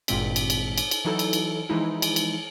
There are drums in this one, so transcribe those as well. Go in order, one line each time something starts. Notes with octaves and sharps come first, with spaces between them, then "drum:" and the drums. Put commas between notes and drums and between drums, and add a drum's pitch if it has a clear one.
G#1 G2 A#2 G#3 C4 B6, drum: cymbal
drum: cymbal
drum: cymbal
drum: cymbal
drum: cymbal
E3 F#3 D#4 E4 A4
drum: cymbal
drum: cymbal
E3 F3 G#3 D#4 E4
drum: cymbal
drum: cymbal